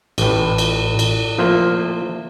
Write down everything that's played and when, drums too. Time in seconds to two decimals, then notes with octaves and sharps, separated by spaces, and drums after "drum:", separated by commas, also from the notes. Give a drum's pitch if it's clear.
0.18 A1 A2, drum: cymbal
0.58 drum: cymbal
0.99 drum: cymbal
1.38 F3 A3 A#3 C5